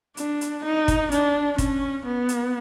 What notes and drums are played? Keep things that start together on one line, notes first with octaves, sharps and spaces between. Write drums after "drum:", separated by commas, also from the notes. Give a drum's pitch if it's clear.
D4, drum: hi-hat
drum: hi-hat
D#4
drum: kick, hi-hat
D4, drum: hi-hat
C#4, drum: kick, hi-hat
B3
drum: hi-hat